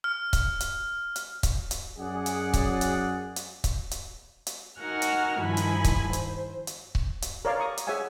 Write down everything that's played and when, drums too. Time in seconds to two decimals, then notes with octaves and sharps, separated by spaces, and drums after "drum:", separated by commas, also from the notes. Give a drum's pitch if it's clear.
0.04 F6
0.33 drum: kick C#1, hi-hat
0.60 drum: hi-hat
1.16 drum: hi-hat
1.43 drum: kick C#1, hi-hat
1.71 drum: hi-hat
1.98 F#2 G#4 D5 F#5
2.26 drum: hi-hat
2.53 drum: kick C#1, hi-hat
2.81 drum: hi-hat
3.36 drum: hi-hat
3.64 drum: kick C#1, hi-hat
3.91 drum: hi-hat
4.47 drum: hi-hat
4.79 D#4 F#4 A#4 F#5 G#5 F6
5.02 drum: hi-hat
5.40 G2 D#3 F3 E4 G#5 B5
5.57 drum: hi-hat
5.84 drum: kick C#1, hi-hat
6.13 C5, drum: hi-hat
6.67 drum: hi-hat
6.95 drum: kick C#1
7.22 drum: hi-hat
7.45 A#4 C#5 D5 F5
7.60 C#6 D#6
7.77 drum: hi-hat
7.87 G#4 C#5 E5 F#5 G#5